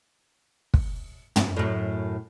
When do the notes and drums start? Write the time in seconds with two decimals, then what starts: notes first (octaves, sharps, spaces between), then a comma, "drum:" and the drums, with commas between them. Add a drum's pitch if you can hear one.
0.74 drum: kick
1.36 drum: tom
1.56 F#2 A2